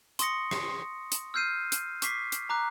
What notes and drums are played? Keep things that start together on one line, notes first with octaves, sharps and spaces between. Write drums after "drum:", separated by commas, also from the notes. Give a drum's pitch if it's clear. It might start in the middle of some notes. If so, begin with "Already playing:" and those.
C6 C#6 D#6 A#6 C#7, drum: hi-hat
drum: rim click
drum: hi-hat
E6 F6 G6 C7 D#7
drum: hi-hat
C#6 D6 B6 C7, drum: hi-hat
drum: hi-hat
A#5 D6 F#6